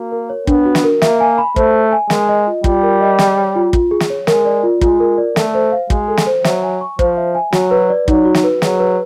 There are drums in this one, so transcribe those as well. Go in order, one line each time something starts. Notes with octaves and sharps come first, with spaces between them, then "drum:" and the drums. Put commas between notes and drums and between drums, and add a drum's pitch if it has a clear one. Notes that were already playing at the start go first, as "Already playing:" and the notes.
Already playing: A#3 F#4
A#4
C#5
B3 D4, drum: kick
F#4
drum: snare
A#4
A#3 E5, drum: snare
G#5
B5
A3 C5, drum: kick
E5
G#5
G#3 A#4, drum: snare
D#5
F4
G3 F4, drum: kick
A#4
D#5
G#4, drum: snare
C#5
F4
F4, drum: kick
G#4
drum: snare
C#5
G#3 A#4, drum: snare
D5
F4
G#3 F4, drum: kick
A#4
D5
A3 A4, drum: snare
C5
F5
G#3 F#4, drum: kick
A4
drum: snare
C5
F#3 E5, drum: snare
G#5
C#6
F3 C5, drum: kick
E5
G#5
F#3 F#4, drum: snare
B4
D5
F#3 D#4, drum: kick
F#4
drum: snare
B4
F#3 G#4, drum: snare
B4